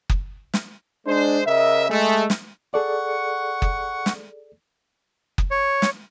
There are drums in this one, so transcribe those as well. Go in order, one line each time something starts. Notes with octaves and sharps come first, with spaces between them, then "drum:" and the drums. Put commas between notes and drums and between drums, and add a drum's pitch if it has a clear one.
drum: kick F#1
drum: snare
G#3 D4 C5
C#3 A#4 D#5 E5
G#3 A3
drum: snare
G#4 A4 D5 F#5 C#6
drum: kick F#1
drum: snare
drum: kick F#1
C#5
drum: snare